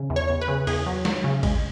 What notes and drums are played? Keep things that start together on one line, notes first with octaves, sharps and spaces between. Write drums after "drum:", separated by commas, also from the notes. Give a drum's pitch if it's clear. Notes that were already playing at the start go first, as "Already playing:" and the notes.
Already playing: C#3
E2
C#5
E2
B4
C#3
E2 G#4, drum: cymbal
F#3
F#3, drum: snare
C#3
G#3, drum: kick, cymbal